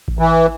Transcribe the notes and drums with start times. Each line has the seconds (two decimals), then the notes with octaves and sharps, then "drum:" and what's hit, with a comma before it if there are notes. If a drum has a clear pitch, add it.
0.08 drum: kick A1
0.19 E3